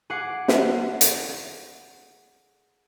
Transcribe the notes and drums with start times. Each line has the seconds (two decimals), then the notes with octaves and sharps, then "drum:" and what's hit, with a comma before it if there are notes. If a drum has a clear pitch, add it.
0.10 G#4 F#5 D6 C7
0.48 drum: snare
1.01 drum: hi-hat